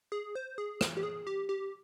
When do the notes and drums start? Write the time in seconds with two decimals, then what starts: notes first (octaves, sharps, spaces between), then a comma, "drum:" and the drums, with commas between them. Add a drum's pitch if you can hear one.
0.12 G#4
0.35 C5
0.58 G#4
0.81 drum: rim click
0.97 G4
1.03 G#4
1.27 G4
1.49 G4